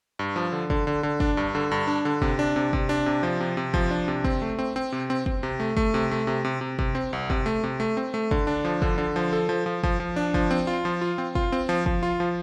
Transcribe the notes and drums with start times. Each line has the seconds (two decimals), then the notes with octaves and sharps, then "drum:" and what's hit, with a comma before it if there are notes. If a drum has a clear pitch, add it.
0.19 G2
0.36 F3
0.52 D3
0.70 D3, drum: kick
0.87 D3
1.03 D3
1.20 D4, drum: kick
1.37 G2
1.55 D3
1.71 G2
1.87 D4
2.05 D3
2.22 C3, drum: kick
2.39 D4
2.56 C3
2.73 C3, drum: kick
2.89 D4
3.06 C3
3.23 F3
3.40 C3
3.57 C3
3.74 F3, drum: kick
3.91 D4
4.08 C3
4.24 C4, drum: kick
4.42 A3
4.59 C4
4.76 C4
4.92 C3
5.10 C4
5.26 C4, drum: kick
5.43 C3
5.60 A3
5.77 A3, drum: kick
5.94 C3
6.11 A3
6.27 C3
6.45 C3
6.61 C3
6.79 C3, drum: kick
6.95 C4
7.13 C2
7.30 C3, drum: kick
7.46 A3
7.64 C3
7.80 A3
7.97 C4
8.14 A3
8.31 D3, drum: kick
8.47 D4
8.65 F3
8.82 D3, drum: kick
8.98 D3
9.16 F3
9.33 A4
9.49 F3
9.66 F3
9.83 F3, drum: kick
10.00 F3
10.16 D4
10.34 F3, drum: kick
10.51 C4
10.67 F4
10.85 F3
11.01 F4
11.18 C4
11.35 F4, drum: kick
11.52 C4
11.69 F3
11.86 F3, drum: kick
12.03 F4
12.20 F3